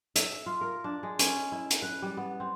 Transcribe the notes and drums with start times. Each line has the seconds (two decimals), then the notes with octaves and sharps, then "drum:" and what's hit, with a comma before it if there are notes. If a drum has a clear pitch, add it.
0.16 E5, drum: hi-hat
0.46 F4
0.61 A#4
0.84 D4
1.03 G#3
1.19 C#4, drum: hi-hat
1.52 E4
1.71 drum: hi-hat
1.82 B4
2.02 G3
2.17 B3
2.40 C4